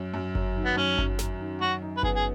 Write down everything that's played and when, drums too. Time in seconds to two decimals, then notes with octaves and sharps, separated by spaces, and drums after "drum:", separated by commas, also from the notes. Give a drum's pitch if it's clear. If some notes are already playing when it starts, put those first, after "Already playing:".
Already playing: F#2
0.14 F#2
0.35 F#3, drum: kick G1
0.56 D#3
0.65 B3
0.76 F#2 C#4
0.98 F#2, drum: kick G1
1.19 F#3, drum: snare
1.40 D#3
1.61 F#2 F#4
1.82 D#4
1.97 B4
2.03 B3 G#4, drum: kick G1
2.15 G#4